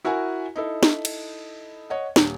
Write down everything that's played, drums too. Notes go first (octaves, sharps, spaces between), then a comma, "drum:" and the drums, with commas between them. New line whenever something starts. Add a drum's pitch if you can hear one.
E4 F#4 A#4 F#5 G#5
D#4 E4 A4
drum: snare
drum: cymbal
C#5 D#5 F#5
D#1, drum: snare